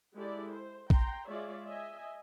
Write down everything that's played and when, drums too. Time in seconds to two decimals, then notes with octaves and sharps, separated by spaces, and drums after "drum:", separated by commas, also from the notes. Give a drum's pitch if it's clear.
0.15 G#3 E4 G4 A4 D5
0.51 C5
0.90 G5 A#5 C6, drum: kick A#1
1.28 G#3 F4 C#5 D5 E5
1.67 D#5 E5 G#5